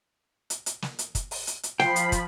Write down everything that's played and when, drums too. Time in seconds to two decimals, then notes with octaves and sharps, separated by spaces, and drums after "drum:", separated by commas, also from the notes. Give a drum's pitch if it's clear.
0.50 drum: hi-hat
0.66 drum: hi-hat
0.82 drum: snare
0.99 drum: hi-hat
1.15 drum: kick, hi-hat
1.31 drum: open hi-hat
1.47 drum: hi-hat
1.63 drum: hi-hat
1.80 F3 G5 B5 C7, drum: snare
1.96 drum: hi-hat
2.12 drum: kick, hi-hat